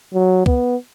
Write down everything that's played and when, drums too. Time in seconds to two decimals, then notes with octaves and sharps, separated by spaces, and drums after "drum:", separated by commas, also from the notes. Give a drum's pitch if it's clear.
0.14 F#3
0.46 B3, drum: kick